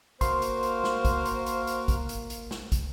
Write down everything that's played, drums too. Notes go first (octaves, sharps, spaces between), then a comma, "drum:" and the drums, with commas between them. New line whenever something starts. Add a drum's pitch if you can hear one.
A#3 F#4 A#4 C5 F5 C6, drum: kick, hi-hat
drum: hi-hat
drum: hi-hat
drum: snare
drum: kick, hi-hat
drum: hi-hat
drum: hi-hat
drum: hi-hat
drum: kick, hi-hat
drum: hi-hat
drum: hi-hat
drum: snare
drum: kick, hi-hat